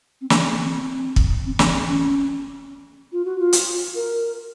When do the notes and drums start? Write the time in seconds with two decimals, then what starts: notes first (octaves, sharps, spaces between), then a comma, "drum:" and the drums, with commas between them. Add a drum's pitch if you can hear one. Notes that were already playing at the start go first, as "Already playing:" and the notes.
0.21 C4
0.30 A#3, drum: snare
0.42 C4
0.51 A#3
0.62 C4
1.16 drum: kick
1.46 C4
1.59 A#3, drum: snare
1.73 C4
1.87 C#4
3.12 F4
3.25 F#4
3.39 F4
3.53 drum: hi-hat
3.95 A#4